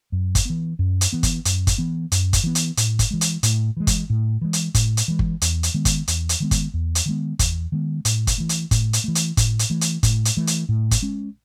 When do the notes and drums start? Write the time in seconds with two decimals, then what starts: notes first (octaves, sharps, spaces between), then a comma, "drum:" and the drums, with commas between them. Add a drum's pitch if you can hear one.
0.12 F#2
0.35 drum: kick G1, hi-hat
0.45 E3 B3
0.79 F#2
1.01 drum: hi-hat
1.13 E3 B3
1.23 drum: kick G1, hi-hat
1.45 F#2, drum: hi-hat
1.67 drum: kick G1, hi-hat
1.78 E3 B3
2.12 F#2, drum: hi-hat
2.33 drum: kick G1, hi-hat
2.44 E3 B3
2.55 drum: hi-hat
2.77 A2, drum: hi-hat
2.99 drum: kick G1, hi-hat
3.11 E3 G#3
3.21 drum: hi-hat
3.43 A2, drum: hi-hat
3.77 E3 G#3
3.87 drum: kick G1, hi-hat
4.10 A2
4.41 E3 G#3
4.53 drum: hi-hat
4.74 A2, drum: kick G1, hi-hat
4.97 drum: hi-hat
5.08 E3 G#3
5.19 drum: kick G1
5.42 E2, drum: hi-hat
5.63 drum: hi-hat
5.74 D#3 G#3 B3
5.85 drum: kick G1, hi-hat
6.08 E2, drum: hi-hat
6.29 drum: hi-hat
6.40 D#3 G#3 B3
6.51 drum: kick G1, hi-hat
6.74 E2
6.95 drum: hi-hat
7.06 D#3 G#3 B3
7.39 E2, drum: kick G1, hi-hat
7.72 D#3 G#3 B3
8.05 A2, drum: hi-hat
8.27 drum: kick G1, hi-hat
8.38 E3 A3
8.49 drum: hi-hat
8.71 A2, drum: kick G1, hi-hat
8.93 drum: hi-hat
9.04 E3 A3
9.15 drum: hi-hat
9.37 A2, drum: kick G1, hi-hat
9.59 drum: hi-hat
9.70 E3 A3
9.81 drum: hi-hat
10.03 A2, drum: kick G1, hi-hat
10.25 drum: hi-hat
10.37 E3 A3
10.47 drum: hi-hat
10.69 A2
10.91 drum: kick G1, hi-hat
11.02 G#3 C#4